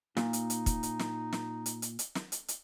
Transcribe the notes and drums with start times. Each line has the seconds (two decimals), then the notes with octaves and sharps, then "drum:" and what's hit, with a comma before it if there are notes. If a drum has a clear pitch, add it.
0.17 A#2 D#4, drum: snare
0.33 drum: hi-hat
0.50 drum: hi-hat
0.66 drum: kick, hi-hat
0.83 drum: hi-hat
0.99 drum: snare
1.32 drum: snare
1.66 drum: hi-hat
1.82 drum: hi-hat
1.99 drum: hi-hat
2.15 drum: snare
2.32 drum: hi-hat
2.48 drum: hi-hat